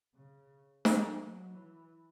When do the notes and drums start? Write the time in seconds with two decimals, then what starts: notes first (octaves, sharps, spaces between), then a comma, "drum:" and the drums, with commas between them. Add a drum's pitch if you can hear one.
0.14 C#3
0.85 F#3, drum: snare
1.20 F#3
1.54 E3